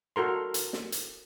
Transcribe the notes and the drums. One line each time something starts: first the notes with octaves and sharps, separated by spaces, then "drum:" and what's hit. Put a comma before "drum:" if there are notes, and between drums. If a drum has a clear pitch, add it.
F#4 A4 A#4 C6
drum: hi-hat
drum: snare
drum: hi-hat